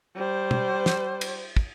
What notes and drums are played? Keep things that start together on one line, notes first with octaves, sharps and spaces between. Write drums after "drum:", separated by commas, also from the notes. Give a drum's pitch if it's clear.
G3 C5
drum: tom
drum: snare
drum: cymbal
drum: kick